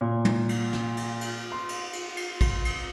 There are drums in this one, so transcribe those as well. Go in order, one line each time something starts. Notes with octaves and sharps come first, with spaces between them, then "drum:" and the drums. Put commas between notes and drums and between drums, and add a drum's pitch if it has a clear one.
A#2
drum: tom
drum: cymbal
drum: snare
drum: cymbal
drum: cymbal
C6
drum: cymbal
drum: cymbal
drum: cymbal
drum: kick, cymbal
drum: cymbal